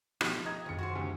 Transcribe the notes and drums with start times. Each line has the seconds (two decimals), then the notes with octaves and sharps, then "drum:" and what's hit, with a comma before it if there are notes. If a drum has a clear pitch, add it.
0.21 B2 F3 A3 D#4 G4, drum: rim click
0.45 D#5 A#5 G#6
0.66 E1 F#2 B2 D#3 C#7
0.78 F#4 B4 C5
0.95 D2 C3